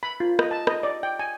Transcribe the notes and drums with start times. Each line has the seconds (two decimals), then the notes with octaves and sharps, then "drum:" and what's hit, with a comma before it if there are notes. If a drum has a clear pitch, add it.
0.03 B5
0.20 F4
0.39 D#5, drum: rim click
0.51 A5
0.67 D#5, drum: rim click
0.83 D5
1.03 G5
1.19 G#5